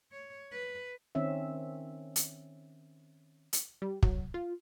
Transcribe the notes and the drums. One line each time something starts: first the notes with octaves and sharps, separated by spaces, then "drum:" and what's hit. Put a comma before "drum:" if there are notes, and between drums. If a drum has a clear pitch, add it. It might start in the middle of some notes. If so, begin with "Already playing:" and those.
C#5
B4
D#3 C4 C#4 E5
drum: hi-hat
drum: hi-hat
G3
F#3, drum: kick
F4